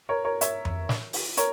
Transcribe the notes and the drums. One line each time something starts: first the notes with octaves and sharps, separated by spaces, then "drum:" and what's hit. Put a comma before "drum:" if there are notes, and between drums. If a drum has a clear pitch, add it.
A#4 C#5
A#4 C#5
C#5 E5, drum: hi-hat
drum: tom F2
drum: snare
drum: open hi-hat
A#4 C#5, drum: hi-hat